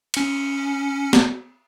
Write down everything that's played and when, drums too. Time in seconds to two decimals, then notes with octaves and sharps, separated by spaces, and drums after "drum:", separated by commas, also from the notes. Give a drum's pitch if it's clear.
0.14 C#4 C#7, drum: cymbal
1.13 drum: snare